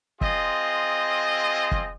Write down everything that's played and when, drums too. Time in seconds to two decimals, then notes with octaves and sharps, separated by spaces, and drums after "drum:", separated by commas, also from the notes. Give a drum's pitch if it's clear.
0.21 C4 F4 G#4 D#5, drum: kick
1.72 drum: kick